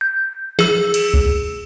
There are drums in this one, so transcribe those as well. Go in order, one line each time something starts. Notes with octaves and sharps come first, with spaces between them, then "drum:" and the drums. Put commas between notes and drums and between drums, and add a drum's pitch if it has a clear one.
G6
G#4 E6, drum: snare
drum: cymbal
drum: kick C2